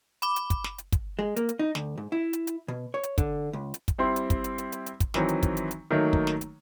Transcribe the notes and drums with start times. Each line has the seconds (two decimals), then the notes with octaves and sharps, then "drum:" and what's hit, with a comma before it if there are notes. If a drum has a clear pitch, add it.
0.22 B5 D6, drum: hi-hat
0.36 drum: hi-hat
0.50 drum: kick, hi-hat
0.64 drum: snare
0.78 drum: hi-hat
0.92 drum: kick, hi-hat
1.19 G#3
1.36 A#3, drum: hi-hat
1.49 drum: hi-hat
1.59 D#4
1.75 D2, drum: snare
1.98 G#2
2.12 E4
2.33 drum: hi-hat
2.47 drum: hi-hat
2.68 B2
2.94 C#5
3.03 drum: hi-hat
3.18 D3, drum: kick, hi-hat
3.53 C#2
3.74 drum: hi-hat
3.88 drum: kick, hi-hat
3.98 G3 C4 E4 C6
4.16 drum: hi-hat
4.30 drum: kick, hi-hat
4.44 drum: hi-hat
4.58 drum: hi-hat
4.72 drum: hi-hat
4.86 drum: hi-hat
5.00 drum: kick, hi-hat
5.14 D#3 E3 F#3 C4, drum: snare
5.29 drum: hi-hat
5.43 drum: kick, hi-hat
5.57 drum: hi-hat
5.71 drum: hi-hat
5.91 D#3 F#3 A3 A#3 D#4 C#5
6.13 drum: kick
6.27 drum: snare
6.41 drum: hi-hat